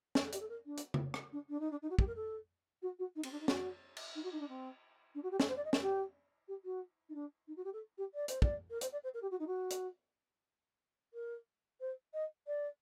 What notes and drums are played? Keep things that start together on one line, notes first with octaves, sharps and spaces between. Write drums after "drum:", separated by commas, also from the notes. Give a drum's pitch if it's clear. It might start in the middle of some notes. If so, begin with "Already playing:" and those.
A#4, drum: snare
A4
G4, drum: hi-hat
A4
A#4
D4
drum: hi-hat
drum: tom C#3
drum: rim click
D4
D4
D#4
D4
D#4
F#4
G4, drum: kick
A#4
A4
F#4
F#4
D#4
C4, drum: cymbal
D4
D#4
F#4, drum: snare
drum: cymbal
D#4
F#4
D#4
D4
C4
D4
F#4
G4
A4, drum: snare
C5
D5
D#5
A#4, drum: snare
G4
G4
F#4
D#4
D4
D#4
F#4
G4
A4
G4
D5
C5, drum: hi-hat
D5, drum: kick
A#4
C5, drum: hi-hat
D5
C5
A#4
G4
F#4
D#4
F#4
drum: hi-hat
A#4
C5
D#5
D5